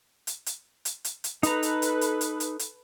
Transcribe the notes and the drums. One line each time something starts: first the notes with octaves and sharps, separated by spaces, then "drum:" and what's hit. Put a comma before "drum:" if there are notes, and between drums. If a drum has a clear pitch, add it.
drum: hi-hat
drum: hi-hat
drum: hi-hat
drum: hi-hat
drum: hi-hat
D#4 A4 B4 A#5, drum: hi-hat
drum: hi-hat
drum: hi-hat
drum: hi-hat
drum: hi-hat
drum: hi-hat
drum: hi-hat